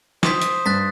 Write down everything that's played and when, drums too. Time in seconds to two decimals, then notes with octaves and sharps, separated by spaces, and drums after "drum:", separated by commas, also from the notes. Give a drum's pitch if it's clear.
0.23 C5 D#6 B6, drum: snare
0.42 drum: hi-hat
0.66 G2 F#6 A6 B6